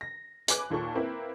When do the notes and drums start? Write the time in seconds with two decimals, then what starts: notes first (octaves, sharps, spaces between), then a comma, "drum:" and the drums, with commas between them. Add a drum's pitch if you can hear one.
0.01 A#6
0.48 B4 G#5 D6 F#6, drum: hi-hat
0.70 D#2 A#2 A4 C#6
0.95 A#3 C4 E4 B4